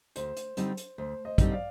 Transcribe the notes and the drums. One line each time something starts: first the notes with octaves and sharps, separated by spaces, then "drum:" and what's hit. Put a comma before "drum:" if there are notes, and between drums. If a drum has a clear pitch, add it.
D2 C5, drum: hi-hat
drum: hi-hat
D3 G3 C4 D#4, drum: hi-hat
drum: hi-hat
D2 C5
C5 D#5
D3 G3 C4 D#4, drum: kick, hi-hat
D5 F5